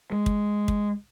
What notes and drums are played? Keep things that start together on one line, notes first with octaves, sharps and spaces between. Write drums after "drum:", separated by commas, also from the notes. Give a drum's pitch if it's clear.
G#3
drum: kick
drum: kick